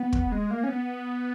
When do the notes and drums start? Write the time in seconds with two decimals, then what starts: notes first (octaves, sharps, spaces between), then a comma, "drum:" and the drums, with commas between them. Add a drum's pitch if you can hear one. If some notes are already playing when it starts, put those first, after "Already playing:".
Already playing: B3
0.13 drum: kick
0.32 G#3
0.51 A#3
0.64 C#4
0.69 B3